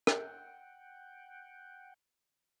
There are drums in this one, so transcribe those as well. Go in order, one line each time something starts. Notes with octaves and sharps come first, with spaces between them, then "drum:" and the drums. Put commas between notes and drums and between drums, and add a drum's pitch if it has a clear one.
F#5 G5, drum: rim click